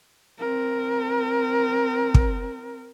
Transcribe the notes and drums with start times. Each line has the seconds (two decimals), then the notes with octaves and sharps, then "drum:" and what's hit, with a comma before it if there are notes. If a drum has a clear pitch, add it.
0.39 C4 A#4
2.14 drum: kick